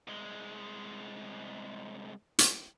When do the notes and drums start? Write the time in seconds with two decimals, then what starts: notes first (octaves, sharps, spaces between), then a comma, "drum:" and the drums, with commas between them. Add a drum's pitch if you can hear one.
0.08 C2 G#3
2.39 drum: hi-hat